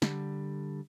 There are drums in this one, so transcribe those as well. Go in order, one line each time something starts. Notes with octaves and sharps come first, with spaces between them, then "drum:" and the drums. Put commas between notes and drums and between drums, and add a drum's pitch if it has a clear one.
D3 G3, drum: snare